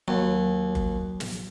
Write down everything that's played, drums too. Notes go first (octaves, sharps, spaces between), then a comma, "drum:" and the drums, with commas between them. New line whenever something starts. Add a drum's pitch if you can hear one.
D#2 F#3
drum: kick F#1
drum: snare